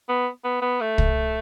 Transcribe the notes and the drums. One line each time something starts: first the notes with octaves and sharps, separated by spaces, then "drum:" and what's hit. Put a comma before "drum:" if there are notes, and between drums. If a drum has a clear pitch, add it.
B3
B3
B3
A3
drum: kick